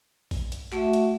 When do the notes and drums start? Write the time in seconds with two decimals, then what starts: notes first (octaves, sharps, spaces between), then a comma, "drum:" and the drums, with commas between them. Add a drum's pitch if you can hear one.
0.31 drum: kick A#1, open hi-hat
0.52 drum: hi-hat
0.73 A3 F#4 E5, drum: clap
0.93 drum: hi-hat